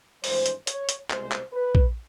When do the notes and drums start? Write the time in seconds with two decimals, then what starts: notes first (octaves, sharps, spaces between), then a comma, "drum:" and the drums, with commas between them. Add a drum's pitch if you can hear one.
0.24 G#1 G2 E3 G#3 C5, drum: open hi-hat
0.46 drum: hi-hat
0.67 C#5, drum: hi-hat
0.89 drum: hi-hat
1.10 C2 B2 G#3 C5, drum: clap
1.32 drum: clap
1.53 B4
1.75 drum: kick